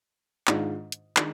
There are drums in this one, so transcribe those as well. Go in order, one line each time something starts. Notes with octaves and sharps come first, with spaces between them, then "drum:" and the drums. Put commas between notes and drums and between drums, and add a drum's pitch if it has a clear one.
G#2 D#3 G#3 D4 F4, drum: clap
drum: hi-hat
D#3 G#3 D4, drum: clap